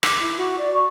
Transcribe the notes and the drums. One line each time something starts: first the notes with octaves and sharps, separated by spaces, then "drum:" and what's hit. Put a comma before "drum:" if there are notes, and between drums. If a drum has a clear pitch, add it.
D6, drum: rim click
E4
F#4
D5
C#6